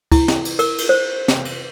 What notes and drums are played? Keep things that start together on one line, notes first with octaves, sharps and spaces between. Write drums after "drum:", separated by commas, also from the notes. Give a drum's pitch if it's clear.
E4, drum: kick, cymbal
drum: snare
drum: cymbal
A#4, drum: cymbal
drum: cymbal
C5
drum: snare
drum: cymbal